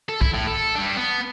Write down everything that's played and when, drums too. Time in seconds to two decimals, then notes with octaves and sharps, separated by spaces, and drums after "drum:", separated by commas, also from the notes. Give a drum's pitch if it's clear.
0.09 A4
0.21 E4, drum: kick
0.34 A2
0.47 A4
0.75 G3 D4
0.97 B3